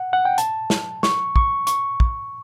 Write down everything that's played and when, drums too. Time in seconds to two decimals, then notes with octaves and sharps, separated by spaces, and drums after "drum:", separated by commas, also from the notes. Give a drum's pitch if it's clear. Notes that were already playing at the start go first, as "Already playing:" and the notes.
Already playing: F#5
0.13 F#5
0.25 G5
0.38 A5, drum: hi-hat
0.70 drum: snare
1.03 C#6, drum: snare
1.36 C#6, drum: kick
1.67 C#6, drum: hi-hat
2.00 drum: kick